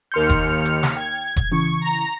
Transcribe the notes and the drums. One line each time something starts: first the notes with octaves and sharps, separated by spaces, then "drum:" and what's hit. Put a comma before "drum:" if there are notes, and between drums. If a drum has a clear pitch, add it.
D#2 A#4 C6 F6 G6 C#7
drum: kick F1, hi-hat
drum: hi-hat
drum: snare
G5 G#6
drum: kick F1, hi-hat
C#3 E3 C#6
A#5